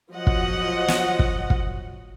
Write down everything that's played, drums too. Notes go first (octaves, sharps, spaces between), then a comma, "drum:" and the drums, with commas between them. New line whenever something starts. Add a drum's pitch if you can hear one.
F3 F#3 D#5 F#5
drum: kick
drum: snare
drum: kick
drum: kick